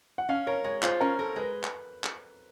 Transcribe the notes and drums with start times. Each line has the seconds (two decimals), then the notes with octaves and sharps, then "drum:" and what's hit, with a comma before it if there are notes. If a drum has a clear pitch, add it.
0.18 F#5
0.29 C#4 F5
0.47 A#4 C#5
0.64 G#3 C#5
0.83 F4 C5, drum: clap
1.01 C#4 A#4
1.19 A4 A#4
1.36 G#3 B4
1.64 drum: clap
2.04 drum: clap